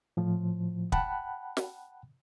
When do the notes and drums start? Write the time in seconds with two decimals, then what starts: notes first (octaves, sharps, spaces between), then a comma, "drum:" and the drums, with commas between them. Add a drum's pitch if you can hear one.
0.17 A2 F3
0.92 F#5 G5 A5 B5 F#6, drum: kick
1.57 drum: snare